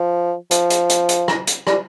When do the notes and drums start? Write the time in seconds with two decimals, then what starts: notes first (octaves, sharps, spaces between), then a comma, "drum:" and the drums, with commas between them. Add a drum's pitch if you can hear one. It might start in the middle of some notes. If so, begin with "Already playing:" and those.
Already playing: F3
0.51 F3, drum: hi-hat
0.70 drum: hi-hat
0.90 drum: hi-hat
1.09 drum: hi-hat
1.28 drum: rim click
1.47 drum: hi-hat
1.67 G3, drum: rim click